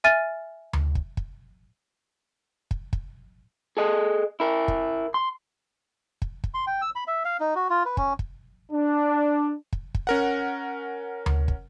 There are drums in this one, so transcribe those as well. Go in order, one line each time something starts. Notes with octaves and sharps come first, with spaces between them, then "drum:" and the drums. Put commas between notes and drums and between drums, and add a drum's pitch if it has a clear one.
E5 G#5 F6 A6 D#7
drum: tom D2
drum: kick
drum: kick
drum: kick
drum: kick
G#4 A4 D#5
E4 A#4
drum: kick
C6
drum: kick
drum: kick
C6
G5
E6
B5
E5
F5
D#4
F#4
F4
B4
C#4, drum: kick
drum: kick
D4
drum: kick
drum: kick
C#4 A#4 F#5
drum: tom D2
drum: kick